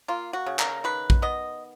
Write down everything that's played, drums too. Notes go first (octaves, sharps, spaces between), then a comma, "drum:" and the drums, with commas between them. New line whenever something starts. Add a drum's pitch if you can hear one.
A#3 F4
F#4
C#3
A#4, drum: clap
D#3 B4
drum: kick A#1
B3 D#5